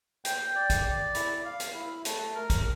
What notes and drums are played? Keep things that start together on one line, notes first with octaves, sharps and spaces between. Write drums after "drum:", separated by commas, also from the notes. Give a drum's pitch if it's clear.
G5, drum: hi-hat
D5
drum: kick, hi-hat
D5
E4, drum: hi-hat
F5
drum: hi-hat
E4
A3, drum: hi-hat
A#4
drum: kick, hi-hat